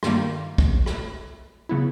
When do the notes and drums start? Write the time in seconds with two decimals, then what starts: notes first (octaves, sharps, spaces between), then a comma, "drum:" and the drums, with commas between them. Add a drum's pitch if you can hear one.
0.03 G2 D#3 G3 A#3, drum: rim click
0.58 drum: kick
0.86 drum: rim click
1.69 C#3 F#3 B3 E4